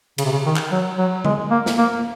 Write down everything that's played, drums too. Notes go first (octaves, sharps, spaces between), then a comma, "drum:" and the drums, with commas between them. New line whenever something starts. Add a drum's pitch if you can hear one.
C#3, drum: cymbal
C3
C#3
D#3
drum: clap
F#3
F#3
G#3, drum: tom D3
A#3
drum: snare
A#3